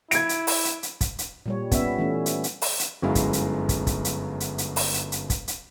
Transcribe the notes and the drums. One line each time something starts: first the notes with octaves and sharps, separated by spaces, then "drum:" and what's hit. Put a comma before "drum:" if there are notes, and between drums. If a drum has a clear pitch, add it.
E4 G#6 D7, drum: hi-hat
drum: hi-hat
drum: open hi-hat
drum: hi-hat
drum: hi-hat
drum: kick, hi-hat
drum: hi-hat
A#2 G3 C#5
B3 C#4 E5, drum: kick, hi-hat
E3 A3 C#4
drum: hi-hat
drum: hi-hat
drum: open hi-hat
drum: hi-hat
G1 F#2 F#3 G#3 E4 F5
drum: kick, hi-hat
drum: hi-hat
drum: kick, hi-hat
drum: kick, hi-hat
drum: hi-hat
drum: hi-hat
drum: hi-hat
drum: open hi-hat
drum: hi-hat
drum: hi-hat
drum: kick, hi-hat
drum: hi-hat